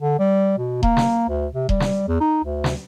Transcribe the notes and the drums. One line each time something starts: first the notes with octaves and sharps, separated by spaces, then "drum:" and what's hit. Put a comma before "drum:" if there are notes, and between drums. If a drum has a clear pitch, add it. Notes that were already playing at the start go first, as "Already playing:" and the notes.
D3
G3
B2
A#3, drum: kick D#1
drum: snare
D2
C3
G3, drum: kick D#1
drum: snare
E2
D#4
D2
drum: snare